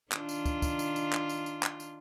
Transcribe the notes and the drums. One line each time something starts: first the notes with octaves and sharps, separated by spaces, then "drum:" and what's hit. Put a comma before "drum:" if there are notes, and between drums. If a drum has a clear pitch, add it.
D#3 D4 F4, drum: clap
drum: tambourine
drum: kick, tambourine
drum: kick, tambourine
drum: tambourine
drum: tambourine
drum: clap
drum: tambourine
drum: tambourine
drum: clap
drum: tambourine